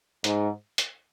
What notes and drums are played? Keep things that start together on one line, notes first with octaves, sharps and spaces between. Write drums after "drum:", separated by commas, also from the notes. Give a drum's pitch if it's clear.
G#2, drum: hi-hat
drum: hi-hat